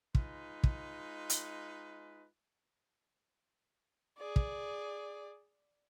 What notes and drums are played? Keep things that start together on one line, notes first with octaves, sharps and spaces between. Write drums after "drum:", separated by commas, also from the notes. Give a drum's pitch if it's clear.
G#3 D#4 F4 B4, drum: kick
drum: kick
drum: hi-hat
G#4 D5
drum: kick